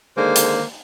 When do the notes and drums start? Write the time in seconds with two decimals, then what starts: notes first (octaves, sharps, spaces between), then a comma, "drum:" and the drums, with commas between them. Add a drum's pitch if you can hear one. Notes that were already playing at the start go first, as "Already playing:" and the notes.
0.16 D3 D#3 G#3 A#3 C5
0.36 drum: hi-hat